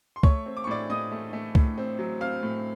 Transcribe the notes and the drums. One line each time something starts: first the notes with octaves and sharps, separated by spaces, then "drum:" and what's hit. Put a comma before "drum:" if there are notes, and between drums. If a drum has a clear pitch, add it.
C6
A3 C#5 C#6, drum: kick C#2
C4
D6
C#6
A2 D5 D6
A2 D#5 D#6
A3
A3
A2, drum: kick C#2
C4
F#3
C4 F5 F6
A2